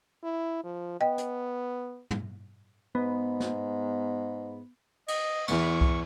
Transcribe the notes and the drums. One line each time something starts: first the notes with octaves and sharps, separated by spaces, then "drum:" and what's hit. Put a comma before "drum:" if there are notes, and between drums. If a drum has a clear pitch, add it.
E4
F3
B3 D#5 G5
drum: hi-hat
drum: tom
G#2 B3
drum: snare
D#5, drum: cymbal
E2 C#6, drum: cymbal
drum: kick C2